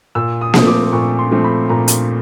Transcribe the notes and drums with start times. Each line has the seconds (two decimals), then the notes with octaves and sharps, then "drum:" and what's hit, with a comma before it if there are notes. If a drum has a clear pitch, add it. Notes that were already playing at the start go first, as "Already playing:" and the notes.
0.15 A#2 E6
0.41 D#6
0.54 F3 A3 C4 D#6, drum: snare A#3
0.67 D6
0.92 A#2 C#6
1.19 C6
1.31 F3 A3 C4
1.44 B5
1.69 A#2 A#5
1.88 drum: hi-hat